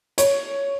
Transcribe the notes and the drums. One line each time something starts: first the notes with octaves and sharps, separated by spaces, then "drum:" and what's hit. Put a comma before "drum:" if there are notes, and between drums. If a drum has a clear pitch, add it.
C#5, drum: hi-hat